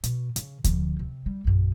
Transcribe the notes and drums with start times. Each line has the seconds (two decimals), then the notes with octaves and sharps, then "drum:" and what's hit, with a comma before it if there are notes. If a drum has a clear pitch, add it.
0.04 B2, drum: hi-hat
0.36 C#3, drum: hi-hat
0.64 D3 F3, drum: kick D2, hi-hat
0.99 C3
1.26 G3
1.44 A#1 F#2